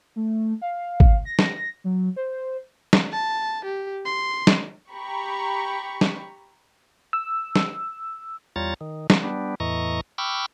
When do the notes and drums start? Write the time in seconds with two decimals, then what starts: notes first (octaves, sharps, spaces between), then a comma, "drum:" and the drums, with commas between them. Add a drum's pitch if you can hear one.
0.16 A3
0.62 F5
1.00 drum: kick
1.25 A#6
1.39 drum: snare
1.84 F#3
2.16 C5
2.93 drum: snare
3.12 A5
3.65 G4
4.05 C6
4.47 drum: snare
4.91 G4 A#5 B5 C#6
6.01 drum: snare
7.13 E6
7.56 drum: snare
8.56 E2 G3 F4 C#5 A#5 A6
8.81 D#3
9.10 drum: snare
9.24 G3 B3 D4
9.60 E2 A2 E3 D#5 A#5 C#6
10.18 G5 B5 C#6 D6 E6 F6